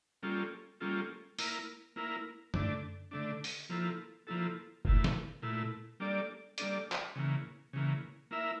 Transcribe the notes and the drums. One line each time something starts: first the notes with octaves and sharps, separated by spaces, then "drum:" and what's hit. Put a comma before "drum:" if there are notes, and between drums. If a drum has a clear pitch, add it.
G3 A#3 C#4 F4 A4
G3 A#3 C#4 F4 A4
A#3 E4 A#4, drum: open hi-hat
A#3 E4 A#4
D3 A3 D4, drum: tom F#2
D3 A3 D4
drum: open hi-hat
F3 A#3 E4 A4
F3 A#3 E4 A4
A#2 A3 E4, drum: kick F1
drum: snare
A#2 A3 E4
G3 A#3 D4 A4 D5
G3 A#3 D4 A4 D5, drum: hi-hat
drum: clap
C#3 E3 A#3
C#3 E3 A#3
A#3 E4 A#4 E5